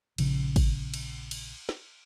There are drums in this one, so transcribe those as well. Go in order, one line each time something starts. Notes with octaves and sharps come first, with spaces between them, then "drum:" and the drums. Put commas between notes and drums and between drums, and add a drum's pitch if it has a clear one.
A#1 C#3, drum: cymbal
drum: kick, cymbal
drum: cymbal
drum: cymbal
drum: snare